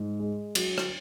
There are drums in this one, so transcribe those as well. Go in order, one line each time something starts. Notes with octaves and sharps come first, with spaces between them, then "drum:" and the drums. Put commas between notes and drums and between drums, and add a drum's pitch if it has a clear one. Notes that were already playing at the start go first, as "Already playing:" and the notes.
Already playing: G#2
G#3
F#3, drum: cymbal
drum: rim click